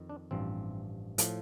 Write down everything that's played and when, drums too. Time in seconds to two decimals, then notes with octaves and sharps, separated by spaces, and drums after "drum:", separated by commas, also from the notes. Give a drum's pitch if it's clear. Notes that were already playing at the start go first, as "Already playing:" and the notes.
Already playing: F2 D#3
0.10 D4
0.31 A1 G2 F3 C4
1.18 A2 F3, drum: hi-hat